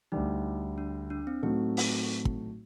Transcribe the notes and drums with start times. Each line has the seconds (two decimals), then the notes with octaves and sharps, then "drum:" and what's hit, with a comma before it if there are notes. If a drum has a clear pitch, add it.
0.12 D2 D3 G3 D#4
0.78 D4
1.10 D4
1.27 C4
1.43 A2 F#3 A3 C4 D#4 F#4
1.77 drum: open hi-hat
2.25 drum: kick